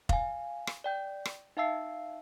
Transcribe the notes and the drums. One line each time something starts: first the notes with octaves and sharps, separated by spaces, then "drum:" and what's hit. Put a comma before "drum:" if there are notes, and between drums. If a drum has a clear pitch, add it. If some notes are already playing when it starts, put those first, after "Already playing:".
F5 G#5, drum: kick F1
drum: rim click
D5 G5 G6
drum: rim click
D#4 E5 F5 A5 E6 C7